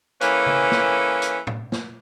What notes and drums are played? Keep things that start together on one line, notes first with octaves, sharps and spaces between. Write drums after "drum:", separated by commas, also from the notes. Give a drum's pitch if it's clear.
E3 A#3 C#4 A4 B4, drum: hi-hat
drum: tom C#3
drum: snare
drum: hi-hat
drum: tom A2
drum: snare